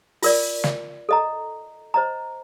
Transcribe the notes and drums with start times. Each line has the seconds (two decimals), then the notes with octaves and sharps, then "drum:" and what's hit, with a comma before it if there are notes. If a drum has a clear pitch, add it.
0.22 F4 A#4 D5, drum: open hi-hat
0.64 drum: snare
1.09 A4 D#5 A#5
1.94 C5 D#5 A#5